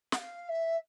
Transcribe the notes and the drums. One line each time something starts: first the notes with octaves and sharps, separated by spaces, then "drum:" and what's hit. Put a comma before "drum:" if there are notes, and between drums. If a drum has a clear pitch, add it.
F#5, drum: snare
F5
E5